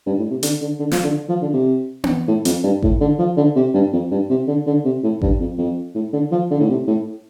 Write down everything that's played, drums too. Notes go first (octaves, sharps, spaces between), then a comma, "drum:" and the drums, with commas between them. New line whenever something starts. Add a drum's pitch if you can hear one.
G2
A2
C3
D3, drum: hi-hat
D3
D3
F3, drum: snare
D3
F3
D3
C3
drum: tom B3
A2
F2, drum: hi-hat
G2
A2, drum: kick G#1
D3
F3
D3
C3
G2
F2
G2
C3
D3
D3
C3
A2
G2, drum: kick G#1
F2
F2
A2
D3
F3
D3
A2
C3
A2